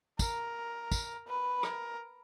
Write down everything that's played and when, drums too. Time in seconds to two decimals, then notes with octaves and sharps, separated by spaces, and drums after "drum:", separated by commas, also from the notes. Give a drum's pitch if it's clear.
0.19 A#4, drum: kick, tambourine
0.92 drum: kick, tambourine
1.28 B4
1.63 A#4, drum: rim click